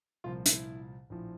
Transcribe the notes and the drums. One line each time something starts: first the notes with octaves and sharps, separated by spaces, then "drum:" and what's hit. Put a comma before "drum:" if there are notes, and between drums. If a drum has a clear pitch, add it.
C2 A#2 F3 F4
E4, drum: hi-hat
A#1 A2 F3